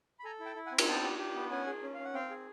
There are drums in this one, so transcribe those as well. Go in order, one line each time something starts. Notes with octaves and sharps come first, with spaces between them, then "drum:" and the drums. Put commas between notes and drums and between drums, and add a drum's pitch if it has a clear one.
B5
A4 G#5 A#5
E4
G5 A5
E4
F#5 G#5
C4
G#5, drum: cymbal
B3 G5 A5
G4
G4
B3
C#4 F#5 G#5
G#4
C#4
C#4 F5
F#5
C4 F5 G5
G#4